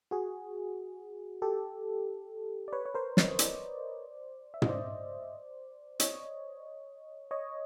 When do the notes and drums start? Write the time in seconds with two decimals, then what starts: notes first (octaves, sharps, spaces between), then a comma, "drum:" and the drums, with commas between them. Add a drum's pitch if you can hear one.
0.11 F#4 G#4
1.42 G4 A4
2.68 D5
2.73 B4 C#5
2.86 C#5
2.95 A#4 C5
3.17 C#5 D#5, drum: snare
3.39 C5 D5, drum: hi-hat
4.54 E5
4.62 D#5, drum: tom
4.69 C5 D5
6.00 C#5 D#5, drum: hi-hat
7.31 C#5 D#5